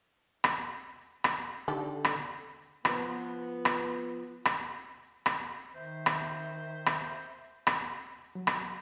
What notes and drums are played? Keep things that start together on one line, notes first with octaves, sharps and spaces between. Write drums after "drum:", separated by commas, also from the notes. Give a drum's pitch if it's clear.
drum: rim click
drum: rim click
D3 D#4 G4 A4
drum: rim click
F3 B3, drum: rim click
drum: rim click
drum: rim click
drum: rim click
D#3 C5 E5
drum: rim click
drum: rim click
drum: rim click
F#3
drum: rim click